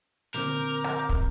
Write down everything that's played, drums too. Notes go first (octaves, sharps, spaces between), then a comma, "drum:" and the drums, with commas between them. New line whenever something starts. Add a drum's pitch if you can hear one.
A#2 D3 C4 A#4 D6 G6, drum: hi-hat
drum: rim click
drum: kick